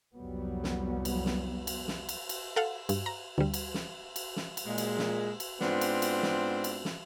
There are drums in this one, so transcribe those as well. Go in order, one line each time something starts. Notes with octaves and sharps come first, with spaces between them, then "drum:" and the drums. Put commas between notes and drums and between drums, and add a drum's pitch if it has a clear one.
C2 F2 F#3 G3 B3
drum: snare
drum: cymbal
drum: snare
drum: cymbal
drum: snare
drum: cymbal
drum: cymbal
A4 F5 F#5
G2, drum: cymbal
A#5
D2 G3
drum: cymbal
drum: snare
drum: cymbal
drum: snare
drum: cymbal
A#2 G#3
drum: cymbal
drum: snare
drum: cymbal
G#2 B3 C4 D4 F4, drum: snare
drum: cymbal
drum: cymbal
drum: snare
drum: cymbal
drum: snare